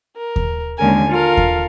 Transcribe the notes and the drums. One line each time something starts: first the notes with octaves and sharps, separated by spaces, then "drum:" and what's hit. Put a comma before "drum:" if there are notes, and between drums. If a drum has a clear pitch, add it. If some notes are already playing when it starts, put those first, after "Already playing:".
A#4
drum: kick D#2
D#2 D3 G#3 C#4 A#4 G#5
F4 A4 A#4 F5
drum: kick D#2